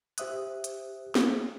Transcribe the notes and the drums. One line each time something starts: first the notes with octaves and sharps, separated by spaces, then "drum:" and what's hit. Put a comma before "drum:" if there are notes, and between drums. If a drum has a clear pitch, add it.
G4 C5 E5 D#6 F#6, drum: hi-hat
drum: hi-hat
drum: snare